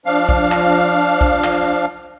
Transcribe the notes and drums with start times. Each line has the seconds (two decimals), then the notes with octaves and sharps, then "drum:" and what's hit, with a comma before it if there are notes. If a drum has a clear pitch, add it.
0.06 F3 D4 F5
0.29 drum: kick A#1
0.52 drum: clap
1.21 drum: kick A#1
1.44 drum: clap